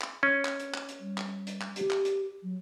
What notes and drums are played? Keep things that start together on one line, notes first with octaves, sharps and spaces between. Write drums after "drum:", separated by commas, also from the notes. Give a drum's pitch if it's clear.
drum: clap
C#4
drum: clap
drum: hi-hat
drum: clap
drum: hi-hat
G3
drum: clap
drum: hi-hat
drum: clap
G4, drum: hi-hat
drum: clap
drum: hi-hat
F#3